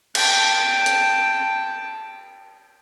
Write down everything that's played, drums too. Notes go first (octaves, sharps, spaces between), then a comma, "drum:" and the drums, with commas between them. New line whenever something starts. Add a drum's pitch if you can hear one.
G5 A5, drum: cymbal
drum: hi-hat